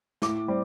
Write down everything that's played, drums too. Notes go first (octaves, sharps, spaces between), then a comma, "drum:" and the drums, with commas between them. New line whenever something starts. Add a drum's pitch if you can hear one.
A2 D6, drum: snare
G3 C4